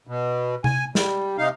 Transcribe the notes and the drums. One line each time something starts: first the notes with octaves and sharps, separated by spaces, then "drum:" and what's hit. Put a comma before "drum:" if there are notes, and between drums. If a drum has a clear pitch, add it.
B2
G#5, drum: tom C3
G3, drum: snare
C3 D#4 F5